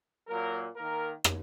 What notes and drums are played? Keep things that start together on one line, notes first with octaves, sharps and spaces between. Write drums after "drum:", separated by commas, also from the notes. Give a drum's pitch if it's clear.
A#2 F#3 A#3 A#4
D#3 A#3 A#4
drum: rim click